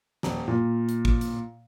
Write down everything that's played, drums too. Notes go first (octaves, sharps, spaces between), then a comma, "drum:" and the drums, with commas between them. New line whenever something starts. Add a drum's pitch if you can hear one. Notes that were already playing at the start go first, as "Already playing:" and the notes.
D#1, drum: snare
A#2
drum: hi-hat
drum: kick
drum: hi-hat